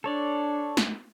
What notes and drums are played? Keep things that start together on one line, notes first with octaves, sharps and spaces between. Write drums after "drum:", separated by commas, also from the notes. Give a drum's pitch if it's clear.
D4 A4 C#5 D5
drum: snare